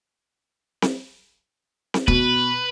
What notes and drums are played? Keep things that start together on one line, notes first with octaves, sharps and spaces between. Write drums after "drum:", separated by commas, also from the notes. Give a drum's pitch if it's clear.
drum: snare C4
drum: snare C4
B2 B4, drum: kick